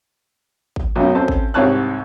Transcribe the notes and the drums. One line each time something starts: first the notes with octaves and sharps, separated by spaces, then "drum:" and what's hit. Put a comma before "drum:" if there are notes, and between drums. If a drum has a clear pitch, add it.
drum: kick G#1
B1 F#2
C4 C#4 A4 C5 A5
drum: kick G#1
C2 G#2 C4 C#5 A5 F#6